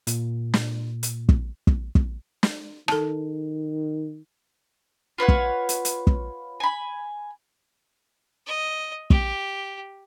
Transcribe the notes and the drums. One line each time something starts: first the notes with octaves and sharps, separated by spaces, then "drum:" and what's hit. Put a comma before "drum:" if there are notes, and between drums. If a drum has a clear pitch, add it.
A#2, drum: hi-hat
drum: snare
drum: hi-hat
drum: kick
drum: kick
drum: kick
drum: snare
D#3 A4 A5, drum: rim click
F4 B4 C#5 F#5
drum: kick
drum: hi-hat
drum: hi-hat
drum: kick
G#5 B5
D#5
G4, drum: kick